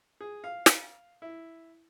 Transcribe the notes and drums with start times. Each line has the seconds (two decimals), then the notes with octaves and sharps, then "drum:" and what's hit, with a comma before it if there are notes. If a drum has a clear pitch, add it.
0.21 G#4
0.44 F5
0.66 drum: snare
1.22 E4